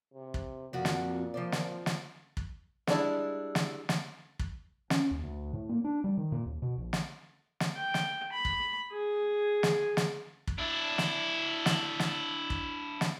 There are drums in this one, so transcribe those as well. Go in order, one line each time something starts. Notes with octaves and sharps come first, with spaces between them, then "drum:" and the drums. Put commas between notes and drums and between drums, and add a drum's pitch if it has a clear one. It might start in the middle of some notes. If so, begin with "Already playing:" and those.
C3
drum: kick
F2 A#2 F#4
drum: snare
F3 C4 D5
drum: snare
drum: snare
drum: kick
G3 G#3 D4 E4, drum: snare
drum: snare
drum: snare
drum: kick
C#4, drum: snare
D#2
D2
A2
A#3
D4
G3
D#3
A#2
D#2
B2
A#1
drum: snare
drum: snare
G5
drum: snare
B5
drum: kick
G#4
drum: snare
drum: snare
drum: kick
D4 E4
drum: snare
drum: snare
drum: snare
drum: kick
drum: snare